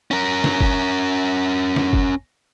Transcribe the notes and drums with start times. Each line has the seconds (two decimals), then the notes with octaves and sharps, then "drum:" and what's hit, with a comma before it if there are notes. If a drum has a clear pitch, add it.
0.11 C#4 A#4
0.44 drum: snare
0.61 drum: kick
1.76 drum: snare
1.93 drum: kick